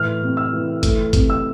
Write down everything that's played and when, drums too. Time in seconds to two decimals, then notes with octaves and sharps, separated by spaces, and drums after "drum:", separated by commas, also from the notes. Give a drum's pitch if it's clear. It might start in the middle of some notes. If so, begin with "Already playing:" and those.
Already playing: A2 E3 F6
0.22 C3
0.37 E6
0.52 E3
0.83 A3, drum: kick, hi-hat
1.13 C3, drum: kick, hi-hat
1.30 E6